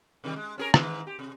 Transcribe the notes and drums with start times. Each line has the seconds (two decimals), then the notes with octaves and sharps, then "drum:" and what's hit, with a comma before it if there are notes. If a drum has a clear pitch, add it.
0.24 C3 D#3 G3
0.36 G#3
0.58 C#4 G#4 A#4
0.74 G#2 D#3 E3, drum: rim click
1.07 G4
1.19 C3